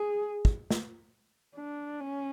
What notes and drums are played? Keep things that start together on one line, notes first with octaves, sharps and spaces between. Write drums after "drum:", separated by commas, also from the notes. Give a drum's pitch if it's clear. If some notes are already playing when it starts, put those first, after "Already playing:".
Already playing: G#4
drum: kick
drum: snare
D4
C#4